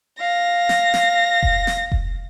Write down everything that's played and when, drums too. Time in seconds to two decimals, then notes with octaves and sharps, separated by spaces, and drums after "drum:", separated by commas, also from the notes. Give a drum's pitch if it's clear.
0.20 F5 A#6
0.69 drum: snare
0.94 drum: snare
1.43 drum: kick F1
1.67 drum: snare
1.92 drum: kick F1